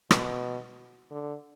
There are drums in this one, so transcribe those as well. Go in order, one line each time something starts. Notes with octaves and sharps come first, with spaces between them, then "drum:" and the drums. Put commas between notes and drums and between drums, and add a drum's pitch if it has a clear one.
B2, drum: rim click
D3